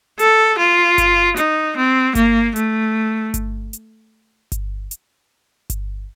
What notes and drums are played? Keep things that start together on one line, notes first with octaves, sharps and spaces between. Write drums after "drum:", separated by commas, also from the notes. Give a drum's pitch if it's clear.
A4, drum: hi-hat
F4
drum: kick G1, hi-hat
D#4, drum: hi-hat
C4
A#3, drum: kick G1, hi-hat
A3, drum: hi-hat
drum: kick G1, hi-hat
drum: hi-hat
drum: kick G1, hi-hat
drum: hi-hat
drum: kick G1, hi-hat